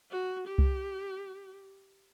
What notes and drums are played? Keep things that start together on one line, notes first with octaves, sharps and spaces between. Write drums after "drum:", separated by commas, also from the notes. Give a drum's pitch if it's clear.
F#4
G4
drum: kick C2